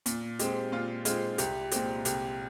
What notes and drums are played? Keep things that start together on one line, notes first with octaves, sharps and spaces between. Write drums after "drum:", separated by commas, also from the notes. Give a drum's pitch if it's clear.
A#2, drum: hi-hat
G#3 C4 G4, drum: hi-hat
A#2 F4
G#3 C4 F4, drum: hi-hat
C2 G4, drum: hi-hat
A#2 G#3 C4 G4, drum: hi-hat
C2 G4, drum: hi-hat